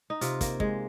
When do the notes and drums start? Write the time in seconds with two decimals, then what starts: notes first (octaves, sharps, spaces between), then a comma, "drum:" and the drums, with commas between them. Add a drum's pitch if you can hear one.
0.10 D#4
0.21 C3 F4, drum: hi-hat
0.41 A#3, drum: kick, hi-hat
0.60 G#3, drum: kick